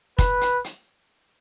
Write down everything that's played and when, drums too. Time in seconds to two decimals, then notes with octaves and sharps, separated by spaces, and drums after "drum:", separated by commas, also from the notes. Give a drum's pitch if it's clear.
0.18 B4, drum: kick, hi-hat
0.41 drum: hi-hat
0.64 drum: hi-hat